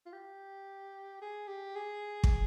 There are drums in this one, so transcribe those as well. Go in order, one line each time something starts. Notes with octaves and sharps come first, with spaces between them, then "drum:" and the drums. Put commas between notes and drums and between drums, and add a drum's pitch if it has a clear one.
F4
G4
G#4
G4
G#4
drum: kick